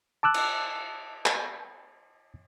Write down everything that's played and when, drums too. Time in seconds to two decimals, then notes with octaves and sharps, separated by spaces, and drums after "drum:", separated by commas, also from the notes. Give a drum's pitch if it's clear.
0.23 A5 D6 E6 F#6
0.34 drum: cymbal
1.26 drum: clap